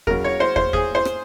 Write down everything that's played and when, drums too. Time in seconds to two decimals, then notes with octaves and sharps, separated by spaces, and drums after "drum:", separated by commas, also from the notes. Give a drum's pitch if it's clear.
0.07 C#3 F#3 A#4, drum: kick
0.24 C#5
0.40 C5
0.56 C5, drum: kick
0.73 G#4, drum: kick
0.95 C5
1.05 drum: rim click